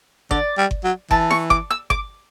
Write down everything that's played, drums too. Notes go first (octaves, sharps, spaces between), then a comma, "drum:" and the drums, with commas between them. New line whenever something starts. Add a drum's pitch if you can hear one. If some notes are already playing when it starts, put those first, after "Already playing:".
D3 D5, drum: kick G1
G3
drum: kick G1
F#3
E3 A5, drum: kick G1
C#6, drum: snare E4
D6, drum: kick G1
E6
D6, drum: kick G1